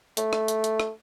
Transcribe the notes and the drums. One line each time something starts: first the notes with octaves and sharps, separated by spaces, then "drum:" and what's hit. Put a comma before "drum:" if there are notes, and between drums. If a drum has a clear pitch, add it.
A3, drum: hi-hat
drum: rim click
drum: hi-hat
drum: hi-hat
drum: rim click